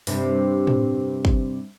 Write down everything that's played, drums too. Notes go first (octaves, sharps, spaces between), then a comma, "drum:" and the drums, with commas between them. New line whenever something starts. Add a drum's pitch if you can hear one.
G2 C3, drum: open hi-hat
drum: tom A2
drum: kick